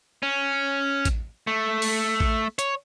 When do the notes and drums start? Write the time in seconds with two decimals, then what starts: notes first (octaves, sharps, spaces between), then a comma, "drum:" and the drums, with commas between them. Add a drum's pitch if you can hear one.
0.23 C#4
1.05 drum: kick A1, hi-hat
1.47 A3
1.82 drum: open hi-hat
2.20 drum: kick A1
2.59 C#5, drum: hi-hat